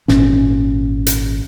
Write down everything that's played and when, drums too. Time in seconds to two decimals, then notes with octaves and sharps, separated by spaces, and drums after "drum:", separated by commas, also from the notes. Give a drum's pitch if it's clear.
0.08 G#1 A#2 C#4, drum: snare
1.07 drum: hi-hat